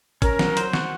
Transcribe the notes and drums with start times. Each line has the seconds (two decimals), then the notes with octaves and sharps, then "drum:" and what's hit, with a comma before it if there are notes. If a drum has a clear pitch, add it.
0.22 C#4 A#4, drum: kick, hi-hat
0.39 F#3, drum: snare
0.57 C5, drum: hi-hat
0.73 F#4, drum: snare